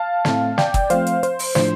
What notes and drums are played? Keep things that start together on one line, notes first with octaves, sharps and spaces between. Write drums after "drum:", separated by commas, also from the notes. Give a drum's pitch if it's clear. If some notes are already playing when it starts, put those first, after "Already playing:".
Already playing: F5 A5
A2 A3 C4, drum: snare
D5 G5, drum: snare
drum: kick, hi-hat
F3 A3 C4 C5 F5, drum: hi-hat
drum: hi-hat
C5, drum: hi-hat
drum: open hi-hat
A2 F3 D4 C5, drum: snare